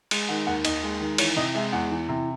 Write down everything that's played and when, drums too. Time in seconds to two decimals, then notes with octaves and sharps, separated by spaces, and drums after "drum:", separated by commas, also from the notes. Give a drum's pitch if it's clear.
0.11 G#3, drum: cymbal
0.29 D#3 F#5
0.47 D#2 F#5
0.65 D#2 D#5, drum: cymbal
0.83 G#3
1.01 D#3
1.18 E3 C#5, drum: cymbal
1.36 C3 D#5
1.55 G#3 E5
1.72 E2 F#5
1.91 E3
2.09 C3